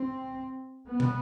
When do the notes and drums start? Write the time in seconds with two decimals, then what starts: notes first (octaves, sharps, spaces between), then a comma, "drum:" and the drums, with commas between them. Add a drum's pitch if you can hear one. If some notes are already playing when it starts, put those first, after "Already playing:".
Already playing: C4
0.89 B3
1.00 drum: tom